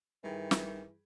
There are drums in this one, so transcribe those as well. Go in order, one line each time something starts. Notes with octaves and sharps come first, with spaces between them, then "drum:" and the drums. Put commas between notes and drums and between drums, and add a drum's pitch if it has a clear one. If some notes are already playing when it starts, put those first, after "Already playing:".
G2 D#3 E3 G#4 G5
drum: snare